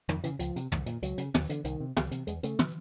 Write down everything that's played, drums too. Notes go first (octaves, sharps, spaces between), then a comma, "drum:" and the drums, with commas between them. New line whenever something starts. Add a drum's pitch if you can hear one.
F2 D#3, drum: tom
C#3 E3, drum: hi-hat
C#2 F3, drum: hi-hat
C3, drum: hi-hat
C2, drum: tom
A#2, drum: hi-hat
C#2 F#3, drum: hi-hat
C#3, drum: hi-hat
D#2, drum: tom
D3, drum: hi-hat
C2 D#3, drum: hi-hat
C3
C#2, drum: tom
C3, drum: hi-hat
E2 G#3, drum: hi-hat
C#3 A3, drum: hi-hat
drum: tom